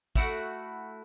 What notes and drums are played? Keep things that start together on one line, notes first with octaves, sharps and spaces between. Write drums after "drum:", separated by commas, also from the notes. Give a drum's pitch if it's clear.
A3 E4 F#4 F#5, drum: kick